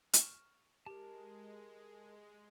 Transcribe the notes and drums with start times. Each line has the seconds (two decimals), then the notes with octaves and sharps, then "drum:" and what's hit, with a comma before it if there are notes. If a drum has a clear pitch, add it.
0.13 C#6 F6 E7, drum: hi-hat
0.86 G#3 G4 A#4 A5